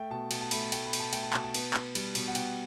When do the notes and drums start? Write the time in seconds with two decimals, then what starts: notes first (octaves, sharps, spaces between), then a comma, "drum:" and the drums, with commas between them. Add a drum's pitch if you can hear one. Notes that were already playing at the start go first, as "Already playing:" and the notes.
Already playing: A3 G5
0.10 B2 A5
0.31 B2 A5, drum: cymbal
0.41 A5
0.51 A3 B5, drum: cymbal
0.62 A5
0.72 A3 G5, drum: cymbal
0.86 B5
0.93 B2, drum: cymbal
1.00 A5
1.13 A3 G5, drum: cymbal
1.23 A5
1.33 B2 A5, drum: clap
1.44 A5
1.54 B3, drum: cymbal
1.74 B3, drum: clap
1.95 G3, drum: cymbal
2.15 B2, drum: cymbal
2.28 F#5
2.35 B2 G5, drum: cymbal